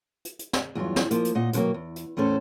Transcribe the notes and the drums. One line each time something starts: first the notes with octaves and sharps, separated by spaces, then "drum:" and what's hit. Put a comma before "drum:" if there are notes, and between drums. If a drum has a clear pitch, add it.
drum: hi-hat
drum: hi-hat
drum: snare
E2 G2 F#3 F4
drum: snare
F3 A#3, drum: hi-hat
drum: hi-hat
A#2 D#5 F#5
B2 D3 D#3 F#3 A#3, drum: hi-hat
E2
drum: hi-hat
E2 A2 C#4 A4 C5